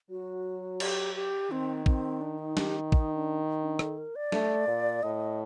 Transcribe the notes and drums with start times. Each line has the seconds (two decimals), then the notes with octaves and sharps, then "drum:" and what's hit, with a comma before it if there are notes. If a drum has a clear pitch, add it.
0.10 F#3 F#4
0.80 G4, drum: cymbal
1.15 G4
1.51 D#3 C4
1.86 C4, drum: kick A1
2.21 D4
2.39 D#4
2.57 G4, drum: snare
2.92 D#4, drum: kick A1
3.15 D4
3.62 D4
3.79 A4, drum: rim click
3.98 A#4
4.16 D5
4.32 A3, drum: snare
4.67 A#2
5.03 A2 D#5